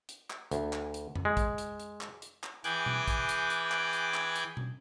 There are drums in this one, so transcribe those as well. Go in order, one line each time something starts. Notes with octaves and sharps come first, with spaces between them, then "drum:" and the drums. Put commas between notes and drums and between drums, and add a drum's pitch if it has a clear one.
drum: hi-hat
drum: clap
D2, drum: hi-hat
drum: clap
drum: hi-hat
drum: tom F2
G#3
drum: kick, hi-hat
drum: hi-hat
drum: hi-hat
drum: clap
drum: hi-hat
drum: clap
E3 G#4 G5 D6 F#6 G#6, drum: hi-hat
drum: tom B2
drum: kick, hi-hat
drum: hi-hat
drum: hi-hat
drum: clap
drum: hi-hat
drum: clap
drum: hi-hat
drum: tom B2